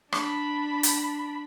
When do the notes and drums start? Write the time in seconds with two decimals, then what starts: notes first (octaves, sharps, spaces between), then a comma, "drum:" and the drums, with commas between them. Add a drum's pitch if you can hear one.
0.12 D4 B5, drum: rim click
0.83 drum: hi-hat